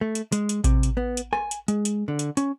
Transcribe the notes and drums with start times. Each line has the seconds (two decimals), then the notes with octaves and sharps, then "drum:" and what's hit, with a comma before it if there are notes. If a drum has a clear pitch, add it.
0.01 A3
0.15 drum: hi-hat
0.32 G#3, drum: hi-hat
0.49 drum: hi-hat
0.64 C3, drum: kick A1, hi-hat
0.83 drum: hi-hat
0.97 B3
1.17 drum: hi-hat
1.33 G#5, drum: rim click
1.51 drum: hi-hat
1.68 G#3, drum: hi-hat
1.85 drum: hi-hat
2.08 D3
2.19 drum: hi-hat
2.37 C#4, drum: hi-hat